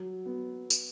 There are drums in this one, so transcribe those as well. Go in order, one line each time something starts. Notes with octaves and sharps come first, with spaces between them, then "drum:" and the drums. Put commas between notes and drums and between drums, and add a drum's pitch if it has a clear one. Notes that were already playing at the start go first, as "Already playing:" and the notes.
Already playing: F#3
B3
drum: tambourine